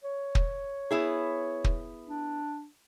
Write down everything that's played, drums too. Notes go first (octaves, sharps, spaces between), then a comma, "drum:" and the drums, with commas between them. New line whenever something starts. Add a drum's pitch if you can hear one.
C#5
drum: kick
B3 E4 G#4
drum: kick
D4